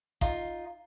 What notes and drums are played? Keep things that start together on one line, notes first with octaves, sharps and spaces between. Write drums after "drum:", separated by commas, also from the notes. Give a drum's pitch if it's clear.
D#4 F4, drum: kick A1